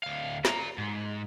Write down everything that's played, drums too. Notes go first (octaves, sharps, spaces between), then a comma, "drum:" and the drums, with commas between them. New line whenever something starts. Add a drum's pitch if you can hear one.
D2 F5
D5 A#5, drum: snare
G#2